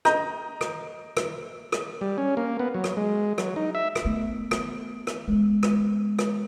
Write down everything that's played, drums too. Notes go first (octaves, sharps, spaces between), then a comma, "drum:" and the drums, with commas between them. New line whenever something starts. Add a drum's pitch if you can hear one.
D#5 A#5 G6, drum: rim click
drum: rim click
drum: rim click
drum: rim click
G3
C#4
A#3
B3
F#3
drum: rim click
G#3
F#3, drum: rim click
D#4
E5
drum: rim click
A3 B3
drum: rim click
drum: rim click
G#3 B3
drum: rim click
drum: rim click